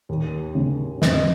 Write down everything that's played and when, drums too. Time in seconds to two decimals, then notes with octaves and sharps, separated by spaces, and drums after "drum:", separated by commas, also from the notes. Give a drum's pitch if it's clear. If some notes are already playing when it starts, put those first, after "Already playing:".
0.09 D#2
0.55 C#3
1.02 F2 D#5, drum: snare